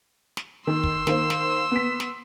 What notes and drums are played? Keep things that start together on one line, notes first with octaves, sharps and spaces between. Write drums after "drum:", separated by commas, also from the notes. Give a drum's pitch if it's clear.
drum: snare
D#3 C6 E6
drum: kick
D#3 A#3 C5, drum: snare
drum: snare
B3 B6
drum: snare